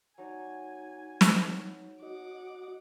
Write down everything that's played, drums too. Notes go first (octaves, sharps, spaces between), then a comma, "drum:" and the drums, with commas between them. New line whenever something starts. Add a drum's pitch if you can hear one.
F#3 D#4 D5 G#5 A#5
drum: snare
F#4 D#5 F#5 D6